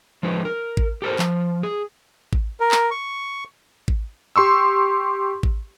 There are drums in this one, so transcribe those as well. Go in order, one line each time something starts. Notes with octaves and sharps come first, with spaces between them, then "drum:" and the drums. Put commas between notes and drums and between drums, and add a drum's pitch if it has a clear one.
F3 G#3 D#4 B4
A#4
drum: kick A1
G4 A4 A#4 C5
F3, drum: clap
G#4
drum: kick A1
A#4
drum: clap
C#6
drum: kick A1
G4 C6 C#6 E6
drum: kick A1